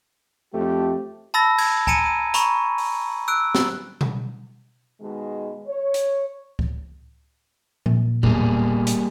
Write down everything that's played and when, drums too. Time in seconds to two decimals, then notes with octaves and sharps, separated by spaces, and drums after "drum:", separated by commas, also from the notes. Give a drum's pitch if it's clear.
0.54 F2 A3 G4
1.34 A5 B5 E6 A6 A#6
1.58 G#6, drum: cymbal
1.87 G#5 A#5 C#7 D#7, drum: kick C#2
2.34 A#5 B5 C#6, drum: hi-hat
2.78 drum: open hi-hat
3.28 E6 F#6 D7
3.55 drum: snare
4.01 drum: tom B2
5.01 B2 D#3 G#3
5.67 C#5
5.94 drum: hi-hat
6.59 drum: kick C#2
7.86 A#2, drum: tom F3
8.23 E1 G3 A#3 G#4, drum: tom A2
8.87 drum: hi-hat